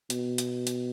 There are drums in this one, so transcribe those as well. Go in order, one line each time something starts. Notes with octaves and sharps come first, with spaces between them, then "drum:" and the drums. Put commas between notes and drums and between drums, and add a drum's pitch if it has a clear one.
B2, drum: hi-hat
drum: hi-hat
drum: hi-hat